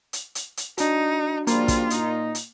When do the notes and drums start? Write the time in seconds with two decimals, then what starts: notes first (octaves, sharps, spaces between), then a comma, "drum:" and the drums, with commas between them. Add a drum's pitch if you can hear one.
0.13 drum: hi-hat
0.35 drum: hi-hat
0.57 drum: hi-hat
0.78 D4 D#4 F#4, drum: hi-hat
1.47 C#3 F3 G3 A#3 F4, drum: hi-hat
1.68 drum: kick, hi-hat
1.90 A#2 D#4, drum: hi-hat
2.35 drum: hi-hat